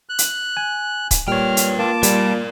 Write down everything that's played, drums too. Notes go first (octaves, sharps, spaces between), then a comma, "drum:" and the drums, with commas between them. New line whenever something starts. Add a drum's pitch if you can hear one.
F#6
drum: hi-hat
G#5
drum: kick C#1, hi-hat
A#2 G3 B4 C#5 G5 F6
drum: hi-hat
A#3 F4 A5 D6
G3 A#4 D5, drum: hi-hat